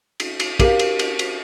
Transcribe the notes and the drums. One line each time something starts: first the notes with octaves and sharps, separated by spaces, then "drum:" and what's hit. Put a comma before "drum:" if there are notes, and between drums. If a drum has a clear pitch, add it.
drum: cymbal
drum: cymbal
G4 A#4 F5, drum: kick, cymbal
drum: cymbal
drum: cymbal
drum: cymbal